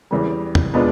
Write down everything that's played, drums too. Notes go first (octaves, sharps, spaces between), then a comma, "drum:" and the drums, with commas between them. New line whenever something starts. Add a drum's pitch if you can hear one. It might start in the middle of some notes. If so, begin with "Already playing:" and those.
E2 C#3 E3 G3
drum: tom E2
B2 G#3 B3 D4 F4